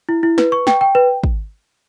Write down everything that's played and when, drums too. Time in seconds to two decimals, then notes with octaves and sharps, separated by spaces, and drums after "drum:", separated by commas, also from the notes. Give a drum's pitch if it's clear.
0.09 E4
0.23 E4
0.38 B4, drum: snare
0.52 C#6
0.67 G5, drum: snare
0.81 G5
0.95 B4
1.24 drum: kick